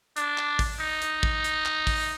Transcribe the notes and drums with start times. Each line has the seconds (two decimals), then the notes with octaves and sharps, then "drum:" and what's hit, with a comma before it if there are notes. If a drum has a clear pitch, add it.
0.16 D4, drum: hi-hat
0.38 drum: clap
0.59 drum: kick, open hi-hat
0.81 D#4
1.02 drum: hi-hat
1.23 drum: kick
1.44 drum: hi-hat
1.66 drum: clap
1.87 drum: kick, open hi-hat